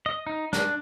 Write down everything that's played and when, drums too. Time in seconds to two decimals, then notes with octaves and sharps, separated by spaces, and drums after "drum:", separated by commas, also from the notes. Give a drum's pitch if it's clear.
0.06 D#5
0.27 D#4
0.53 D4, drum: snare